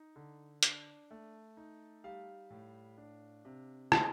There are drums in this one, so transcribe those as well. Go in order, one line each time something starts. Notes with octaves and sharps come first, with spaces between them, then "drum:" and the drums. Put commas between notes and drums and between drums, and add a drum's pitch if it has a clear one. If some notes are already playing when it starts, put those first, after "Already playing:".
Already playing: D#4
D3
D4, drum: hi-hat
A3
D#4
G3 F5
A2
D4
C3
G3 D#5, drum: rim click